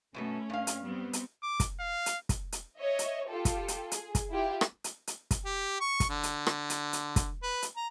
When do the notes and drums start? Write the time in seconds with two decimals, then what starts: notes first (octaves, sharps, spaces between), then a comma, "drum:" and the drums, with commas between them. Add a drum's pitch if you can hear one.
0.14 F#2 B2 A3 C#4 A4
0.50 G2 F5
0.67 drum: hi-hat
0.83 G3 B3 C4
1.13 drum: hi-hat
1.43 D6
1.60 drum: kick, hi-hat
1.80 F5
2.06 drum: hi-hat
2.29 drum: kick, hi-hat
2.52 drum: hi-hat
2.79 C#5 D#5 E5
2.99 drum: hi-hat
3.29 F4 G4 A4
3.45 drum: kick, hi-hat
3.68 drum: hi-hat
3.92 G#4, drum: hi-hat
4.15 drum: kick, hi-hat
4.31 E4 F4 G4
4.61 drum: rim click
4.84 drum: hi-hat
5.07 drum: hi-hat
5.31 drum: kick, hi-hat
5.45 G4
5.81 C#6
6.00 drum: kick, hi-hat
6.10 D3
6.23 drum: hi-hat
6.47 drum: rim click
6.70 drum: hi-hat
6.93 drum: hi-hat
7.16 drum: kick, hi-hat
7.43 B4
7.62 drum: hi-hat
7.77 A#5